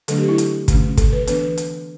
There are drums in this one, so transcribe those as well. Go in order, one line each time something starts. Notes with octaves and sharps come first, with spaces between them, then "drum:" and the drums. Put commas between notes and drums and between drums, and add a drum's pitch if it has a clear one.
D3 F#3 A3 D4 A4, drum: hi-hat
G4
E4
drum: hi-hat
D3 A3 C#4, drum: kick, hi-hat
A4, drum: kick, hi-hat
B4
E3 B3 D4 B4, drum: hi-hat
drum: hi-hat